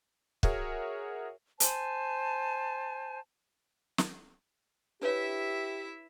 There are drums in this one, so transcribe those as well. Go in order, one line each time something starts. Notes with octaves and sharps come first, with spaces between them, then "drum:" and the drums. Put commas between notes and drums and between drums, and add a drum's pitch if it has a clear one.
F#4 G#4 A#4 C#5 E5 F#5, drum: kick
C5 G#5 A5, drum: hi-hat
drum: snare
D4 E4 G4 B4 C#5 E5